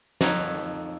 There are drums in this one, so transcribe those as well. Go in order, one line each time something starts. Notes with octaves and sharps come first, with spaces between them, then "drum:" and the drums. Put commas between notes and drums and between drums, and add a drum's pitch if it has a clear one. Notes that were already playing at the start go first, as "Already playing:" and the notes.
F2 D#4 A4 B4 C#5 A#5, drum: snare